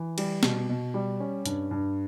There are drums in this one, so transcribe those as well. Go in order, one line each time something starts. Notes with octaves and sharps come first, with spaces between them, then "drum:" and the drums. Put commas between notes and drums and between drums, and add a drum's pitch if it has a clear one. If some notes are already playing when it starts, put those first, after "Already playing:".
Already playing: E3
G3, drum: cymbal
B2, drum: snare
B2
G3
C#4
G2, drum: hi-hat
G2